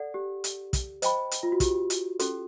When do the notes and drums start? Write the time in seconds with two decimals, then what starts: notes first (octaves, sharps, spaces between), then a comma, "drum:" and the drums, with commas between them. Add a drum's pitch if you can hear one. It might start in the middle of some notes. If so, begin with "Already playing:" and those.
Already playing: A4 D5 F#5
0.14 G4
0.44 drum: hi-hat
0.73 drum: kick, hi-hat
1.02 C5 D#5 G5 B5, drum: hi-hat
1.31 drum: hi-hat
1.43 F4
1.52 F#4
1.60 G4, drum: kick, hi-hat
1.90 drum: hi-hat
2.19 C#4 F#4 A4, drum: hi-hat